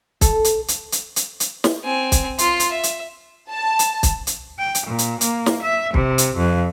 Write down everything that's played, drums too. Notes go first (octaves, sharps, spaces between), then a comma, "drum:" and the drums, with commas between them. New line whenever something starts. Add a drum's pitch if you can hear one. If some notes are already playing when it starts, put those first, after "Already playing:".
A4, drum: kick, hi-hat
drum: hi-hat
drum: hi-hat
drum: hi-hat
drum: hi-hat
drum: hi-hat
drum: snare
C4 G#5
drum: kick, hi-hat
F4 C6, drum: hi-hat
drum: hi-hat
E5
drum: hi-hat
A5
drum: hi-hat
drum: kick, hi-hat
drum: hi-hat
G5
drum: hi-hat
A#2
drum: hi-hat
A#3, drum: hi-hat
drum: snare
E5
C3, drum: kick
drum: hi-hat
F2